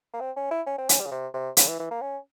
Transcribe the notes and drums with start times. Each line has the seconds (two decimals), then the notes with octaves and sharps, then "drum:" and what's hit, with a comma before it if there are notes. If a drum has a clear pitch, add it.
0.13 A#3
0.21 C4
0.36 C#4
0.51 E4
0.66 C#4
0.78 C4
0.89 C#4, drum: hi-hat
1.00 G3
1.06 C#3
1.11 C3
1.34 C3
1.57 C#3, drum: hi-hat
1.68 E3
1.79 E3
1.91 A#3
2.01 C#4